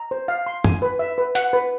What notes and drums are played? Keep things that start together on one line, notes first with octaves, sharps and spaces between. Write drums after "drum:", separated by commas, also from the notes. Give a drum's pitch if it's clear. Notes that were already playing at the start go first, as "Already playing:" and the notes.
Already playing: A#5
C5
F5
C6
G#5, drum: tom F#2
B4
E5
B4
F#5, drum: hi-hat
B4